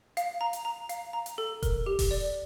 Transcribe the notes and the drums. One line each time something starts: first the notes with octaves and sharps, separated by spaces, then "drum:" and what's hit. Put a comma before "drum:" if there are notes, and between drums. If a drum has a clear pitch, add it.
F5, drum: hi-hat
A#5
drum: hi-hat
A#5
F5, drum: hi-hat
A#5
drum: hi-hat
A4
A#4, drum: kick E1, hi-hat
G4
drum: kick E1, open hi-hat
D5